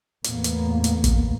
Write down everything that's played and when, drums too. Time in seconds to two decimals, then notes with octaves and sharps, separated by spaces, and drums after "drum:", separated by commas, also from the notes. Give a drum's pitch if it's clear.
0.24 E2 A2 A#3 B3, drum: hi-hat
0.44 drum: hi-hat
0.84 drum: hi-hat
1.04 drum: kick, hi-hat